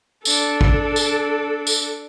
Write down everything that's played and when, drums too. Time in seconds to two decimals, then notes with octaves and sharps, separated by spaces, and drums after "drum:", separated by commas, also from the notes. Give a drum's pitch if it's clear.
0.25 D4 A4, drum: tambourine
0.61 drum: kick
0.96 drum: tambourine
1.67 drum: tambourine